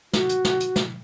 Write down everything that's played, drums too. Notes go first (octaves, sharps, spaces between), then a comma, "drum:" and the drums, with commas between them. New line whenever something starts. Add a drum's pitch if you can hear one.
F#4, drum: snare
drum: hi-hat
drum: snare
drum: hi-hat
drum: snare